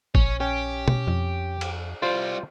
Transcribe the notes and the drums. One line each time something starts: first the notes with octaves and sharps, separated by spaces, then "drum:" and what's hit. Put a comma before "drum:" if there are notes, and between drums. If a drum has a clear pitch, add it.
A#1 C#4, drum: kick
C#4 G4
drum: tom B2
F2
drum: cymbal
G3 C4 F4 C5